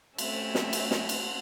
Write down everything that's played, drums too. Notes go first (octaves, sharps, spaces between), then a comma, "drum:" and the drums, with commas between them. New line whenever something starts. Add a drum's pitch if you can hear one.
A3 C4 C#4 E5, drum: cymbal
drum: snare
drum: cymbal
drum: snare
drum: cymbal